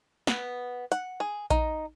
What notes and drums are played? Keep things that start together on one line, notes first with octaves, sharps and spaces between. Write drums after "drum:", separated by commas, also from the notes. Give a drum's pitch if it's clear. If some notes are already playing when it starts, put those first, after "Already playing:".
B3, drum: snare
F#5, drum: hi-hat
G#4
D#4, drum: kick A#1, hi-hat